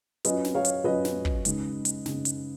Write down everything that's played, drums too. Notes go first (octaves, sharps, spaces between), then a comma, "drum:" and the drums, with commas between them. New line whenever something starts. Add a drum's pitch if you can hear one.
F#3 C#4 F4 B4 D#5, drum: hi-hat
drum: snare
C#5 F5
drum: hi-hat
F#3 C#4 F4 B4 D#5
drum: snare
drum: kick
C#3 G#3 D#4, drum: hi-hat
drum: hi-hat
C#3 G#3 D#4, drum: snare
drum: hi-hat